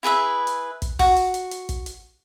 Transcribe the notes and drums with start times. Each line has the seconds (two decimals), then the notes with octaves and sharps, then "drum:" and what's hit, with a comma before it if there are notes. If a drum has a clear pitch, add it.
0.03 E4 G#4 B4 E5
0.47 drum: hi-hat
0.82 drum: kick, hi-hat
0.99 F#4, drum: kick, open hi-hat
1.17 drum: hi-hat
1.34 drum: hi-hat
1.51 drum: hi-hat
1.69 drum: kick, hi-hat
1.86 drum: hi-hat